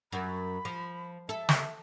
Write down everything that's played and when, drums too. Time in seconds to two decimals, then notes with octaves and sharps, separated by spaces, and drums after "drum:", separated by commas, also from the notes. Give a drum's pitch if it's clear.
0.13 F#2 B5
0.65 F3
1.29 A4 E5
1.49 drum: snare